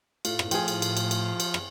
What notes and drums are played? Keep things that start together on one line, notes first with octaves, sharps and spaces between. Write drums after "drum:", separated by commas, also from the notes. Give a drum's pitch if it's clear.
A2 F4, drum: cymbal
drum: rim click
F3 G#4 G5, drum: cymbal
drum: cymbal
drum: cymbal
drum: cymbal
drum: cymbal
drum: cymbal
drum: rim click